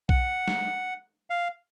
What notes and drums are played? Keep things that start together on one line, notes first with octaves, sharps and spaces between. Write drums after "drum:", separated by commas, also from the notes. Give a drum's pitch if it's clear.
F#5, drum: kick B1
drum: snare
F5